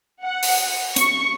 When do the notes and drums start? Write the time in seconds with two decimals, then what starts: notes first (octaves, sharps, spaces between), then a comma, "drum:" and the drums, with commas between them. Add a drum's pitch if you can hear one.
0.23 F#5
0.43 drum: open hi-hat
0.96 C#6, drum: hi-hat